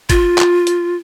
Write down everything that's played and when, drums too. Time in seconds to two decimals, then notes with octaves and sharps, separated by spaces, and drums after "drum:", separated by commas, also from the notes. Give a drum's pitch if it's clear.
0.10 F4, drum: kick, hi-hat
0.38 drum: clap
0.67 drum: hi-hat